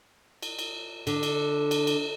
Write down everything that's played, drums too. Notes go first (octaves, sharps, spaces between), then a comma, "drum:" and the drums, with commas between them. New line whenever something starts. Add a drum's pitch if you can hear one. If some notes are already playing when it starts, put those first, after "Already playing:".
drum: cymbal
drum: cymbal
D3, drum: cymbal
drum: cymbal
drum: cymbal
drum: cymbal